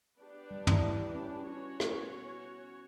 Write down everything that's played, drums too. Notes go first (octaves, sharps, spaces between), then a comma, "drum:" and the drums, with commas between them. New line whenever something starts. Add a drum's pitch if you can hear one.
B3 D4 G4 B4 D5
G3
E4, drum: tom
C#4
C#4 F#4 C#5
B3, drum: rim click